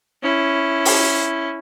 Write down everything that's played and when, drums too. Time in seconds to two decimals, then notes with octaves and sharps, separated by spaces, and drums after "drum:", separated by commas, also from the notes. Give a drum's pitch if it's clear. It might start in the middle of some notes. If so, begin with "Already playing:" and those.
0.22 C#4 E4
0.85 drum: open hi-hat